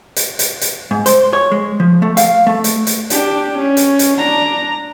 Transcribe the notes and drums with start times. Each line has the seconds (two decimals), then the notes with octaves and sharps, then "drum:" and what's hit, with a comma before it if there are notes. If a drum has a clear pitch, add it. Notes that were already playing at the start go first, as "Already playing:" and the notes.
0.16 drum: hi-hat
0.39 drum: hi-hat
0.61 drum: hi-hat
0.91 G#2
1.06 C5, drum: hi-hat
1.33 C#5
1.52 G#3
1.80 F3
2.02 A3
2.17 F5, drum: hi-hat
2.47 A3
2.64 drum: hi-hat
2.87 drum: hi-hat
3.10 D4 G4, drum: hi-hat
3.58 C#4
3.77 drum: hi-hat
3.99 drum: hi-hat
4.17 D4 A#5